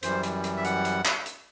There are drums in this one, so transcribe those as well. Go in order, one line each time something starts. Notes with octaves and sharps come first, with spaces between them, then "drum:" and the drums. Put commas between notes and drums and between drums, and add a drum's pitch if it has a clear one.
F#2 E3 G3 C5, drum: hi-hat
drum: hi-hat
drum: hi-hat
E5
F#5, drum: hi-hat
drum: hi-hat
drum: clap
drum: hi-hat